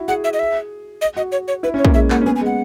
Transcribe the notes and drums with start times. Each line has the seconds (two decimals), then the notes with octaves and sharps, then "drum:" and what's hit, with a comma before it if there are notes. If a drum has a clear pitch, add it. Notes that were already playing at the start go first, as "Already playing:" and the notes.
Already playing: E4 F#4
0.08 G#4 F#5
0.24 E5
0.33 D#5
0.39 E5
1.01 D#5
1.16 F#4 D#5
1.32 C#5
1.48 C#5
1.63 E4 B4
1.74 C#4 C#5
1.85 A#3, drum: kick
1.94 G#3 E5
2.10 A#3 F#5, drum: clap
2.22 C#4
2.26 B3 G#5
2.36 G#5
2.41 G#3 F#5